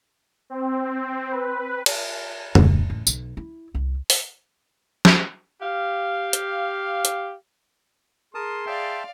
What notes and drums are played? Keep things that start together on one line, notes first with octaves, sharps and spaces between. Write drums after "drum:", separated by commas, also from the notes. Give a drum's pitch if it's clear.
C4
B4
drum: cymbal
D1, drum: tom F2
A1
B1, drum: tambourine
E4
C2
drum: open hi-hat
drum: snare
G4 F5
drum: hi-hat
drum: hi-hat
G#4 A#4 A5 C6 D#6
D5 E5 F5 G5 A5